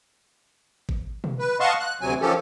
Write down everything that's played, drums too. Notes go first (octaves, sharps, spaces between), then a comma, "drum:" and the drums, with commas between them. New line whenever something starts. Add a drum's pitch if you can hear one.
drum: kick G#1
drum: tom B2
B4
D#5 F5 F#5 A5 C6 C#6
F#6
D2 C3 F#3 G#5
D#3 F3 C#4 G4 A4